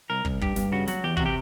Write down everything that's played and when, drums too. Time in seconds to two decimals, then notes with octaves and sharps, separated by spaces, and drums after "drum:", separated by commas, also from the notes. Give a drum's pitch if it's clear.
0.10 C2 A#4
0.25 C2, drum: kick
0.41 G2 G4, drum: kick
0.56 G2, drum: snare
0.72 C#3 F#4
0.88 F#3 F#4, drum: snare
1.04 E2 G4
1.17 C3 F#4, drum: kick
1.26 G4